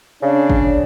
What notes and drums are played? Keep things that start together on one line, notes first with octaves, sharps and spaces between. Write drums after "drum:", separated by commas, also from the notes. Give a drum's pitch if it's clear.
C#3 D4
drum: kick